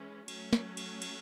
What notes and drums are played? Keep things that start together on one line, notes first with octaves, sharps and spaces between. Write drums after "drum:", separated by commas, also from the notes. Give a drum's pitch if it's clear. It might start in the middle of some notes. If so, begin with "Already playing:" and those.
Already playing: E3 G#3 C#4
F#3 A3 C#4, drum: cymbal
drum: snare
drum: cymbal
drum: cymbal